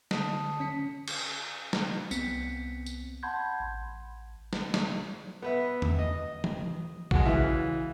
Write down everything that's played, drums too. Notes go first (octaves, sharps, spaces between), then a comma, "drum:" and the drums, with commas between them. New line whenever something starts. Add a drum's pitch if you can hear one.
D3 A5 D#6, drum: snare
C#4 B6 C#7
drum: cymbal
drum: snare
C2 B3 C4 B6 C#7, drum: tambourine
drum: tambourine
F#5 A5 B5 C6 G6 G#6
A1
drum: snare
drum: snare
B3 B4 E5
drum: tom E2
D#5
drum: tom E3
G#3 F#4, drum: kick
C#3 E3 E5